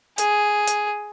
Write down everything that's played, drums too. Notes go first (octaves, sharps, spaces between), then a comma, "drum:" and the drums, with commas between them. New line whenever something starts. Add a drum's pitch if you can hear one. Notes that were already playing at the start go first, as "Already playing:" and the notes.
G#4, drum: hi-hat
drum: hi-hat